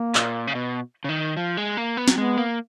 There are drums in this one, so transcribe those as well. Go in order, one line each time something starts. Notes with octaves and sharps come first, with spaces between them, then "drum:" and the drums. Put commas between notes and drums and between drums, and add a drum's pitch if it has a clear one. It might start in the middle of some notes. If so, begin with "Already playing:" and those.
Already playing: A#3
A#2, drum: clap
C#3
B2
C#3
D#3
F3
G#3
A#3
B3
F#3, drum: snare
G#3 B3
A#3